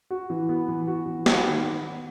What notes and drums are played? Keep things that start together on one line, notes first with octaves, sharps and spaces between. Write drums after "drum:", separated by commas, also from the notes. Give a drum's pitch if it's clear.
F#4
E3
B3
E3
F#4
E3
B3, drum: snare
D#3
B3